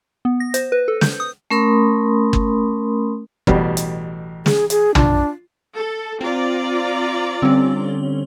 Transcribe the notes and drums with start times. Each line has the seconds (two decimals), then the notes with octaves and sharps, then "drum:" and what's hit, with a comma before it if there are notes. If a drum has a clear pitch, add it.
0.25 B3
0.40 A#6
0.54 C5, drum: hi-hat
0.72 B4
0.88 A4
1.01 G6, drum: snare
1.20 D#6
1.50 A3 C#4 A#4 B5 C6 D#6
2.33 drum: kick
3.47 A1 B2 G3, drum: kick
3.77 drum: hi-hat
4.46 G#4, drum: snare
4.70 G#4, drum: hi-hat
4.95 D4 F4, drum: tom
5.76 A4
6.21 C4 F4 D5 A#5
7.42 D3 G3 C4 C#4